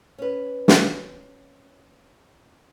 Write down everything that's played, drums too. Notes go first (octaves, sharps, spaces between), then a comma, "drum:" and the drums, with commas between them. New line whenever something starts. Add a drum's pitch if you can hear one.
C#4 B4
drum: snare